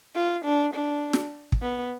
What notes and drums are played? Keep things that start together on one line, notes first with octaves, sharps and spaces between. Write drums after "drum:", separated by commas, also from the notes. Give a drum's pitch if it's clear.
F4
D4
D4
drum: snare
drum: kick
B3